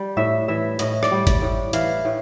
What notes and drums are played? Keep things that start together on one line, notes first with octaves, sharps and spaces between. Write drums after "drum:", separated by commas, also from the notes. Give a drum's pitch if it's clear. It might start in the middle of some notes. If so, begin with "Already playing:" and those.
Already playing: G3
A2 E5
E3 E5
A2 D#5, drum: hi-hat
D5, drum: rim click
G3
D5, drum: kick G1, hi-hat
A2
E3 F5, drum: hi-hat
A2